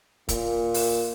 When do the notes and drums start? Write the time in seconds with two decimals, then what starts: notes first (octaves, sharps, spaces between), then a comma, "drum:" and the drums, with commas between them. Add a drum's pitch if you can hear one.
0.29 A#2, drum: kick, hi-hat
0.74 drum: open hi-hat